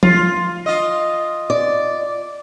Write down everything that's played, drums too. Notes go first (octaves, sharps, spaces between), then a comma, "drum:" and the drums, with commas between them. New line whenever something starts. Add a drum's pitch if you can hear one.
F4, drum: tom F3
F4 D#5
D5